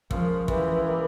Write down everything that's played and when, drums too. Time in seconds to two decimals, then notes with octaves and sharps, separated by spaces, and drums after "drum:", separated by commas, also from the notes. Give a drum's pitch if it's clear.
0.11 A#2 F3 G#3 C#4, drum: kick
0.48 E3 G#3 C#4 G4, drum: kick
0.86 G3 A#3 E4 G4